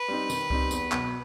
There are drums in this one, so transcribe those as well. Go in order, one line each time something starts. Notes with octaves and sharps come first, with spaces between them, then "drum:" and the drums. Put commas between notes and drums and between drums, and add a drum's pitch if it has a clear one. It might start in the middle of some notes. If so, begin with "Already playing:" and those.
Already playing: B4
G3 C4 D#4
D#3, drum: tambourine
G3 C4 D#4, drum: kick C2
E2, drum: tambourine
B2 F#3, drum: clap